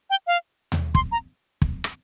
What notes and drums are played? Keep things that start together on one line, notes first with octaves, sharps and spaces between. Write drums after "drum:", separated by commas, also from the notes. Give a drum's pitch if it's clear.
G5
F5
drum: tom D#2
C6, drum: kick
A#5
drum: kick
drum: rim click